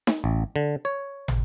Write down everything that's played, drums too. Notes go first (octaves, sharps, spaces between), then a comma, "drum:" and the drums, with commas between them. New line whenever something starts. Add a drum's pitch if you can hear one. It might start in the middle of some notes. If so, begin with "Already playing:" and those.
drum: snare D#4
A1
D3
C#5
drum: tom